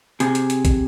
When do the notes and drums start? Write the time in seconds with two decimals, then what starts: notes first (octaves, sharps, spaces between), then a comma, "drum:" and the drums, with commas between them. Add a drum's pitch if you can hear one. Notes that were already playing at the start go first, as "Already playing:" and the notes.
0.20 C3 G#4, drum: hi-hat
0.35 drum: hi-hat
0.50 drum: hi-hat
0.65 drum: kick A#1, hi-hat